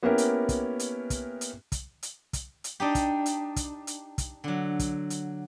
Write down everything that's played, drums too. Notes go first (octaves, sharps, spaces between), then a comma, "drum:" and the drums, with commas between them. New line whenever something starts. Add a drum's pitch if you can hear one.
A#3 B3 C#4 E4 G4 A#4
drum: hi-hat
drum: kick, hi-hat
drum: hi-hat
drum: kick, hi-hat
drum: hi-hat
drum: kick, hi-hat
drum: hi-hat
drum: kick, hi-hat
drum: hi-hat
D4 D#4 G4
drum: kick, hi-hat
drum: hi-hat
drum: kick, hi-hat
drum: hi-hat
drum: kick, hi-hat
D3 F#3
drum: kick, hi-hat
drum: hi-hat